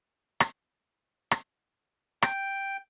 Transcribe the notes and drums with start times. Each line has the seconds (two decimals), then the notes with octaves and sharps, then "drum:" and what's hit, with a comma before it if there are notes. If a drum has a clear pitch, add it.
0.40 drum: rim click
1.31 drum: rim click
2.22 G5, drum: rim click